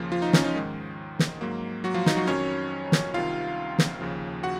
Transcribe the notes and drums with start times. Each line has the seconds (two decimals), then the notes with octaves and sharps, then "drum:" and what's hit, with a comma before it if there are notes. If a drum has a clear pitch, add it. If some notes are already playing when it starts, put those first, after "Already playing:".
Already playing: D#2 C#3 F3 A#3 F4
0.12 F3 F4
0.22 D#4
0.33 C#4, drum: snare
0.44 D#4
0.55 G#2 D#3 G#3
1.19 drum: snare
1.41 G#2 F#3 A#3
1.84 F#3 F#4
1.94 F3 F4
2.06 D#4, drum: snare
2.17 F#3 F#4
2.27 F2 D#3 F#3 C#4 C#5
2.92 drum: snare
3.13 C2 C3 D#3 F4 F5
3.79 drum: snare
4.01 D#2 C#3 F3
4.43 F#4 F#5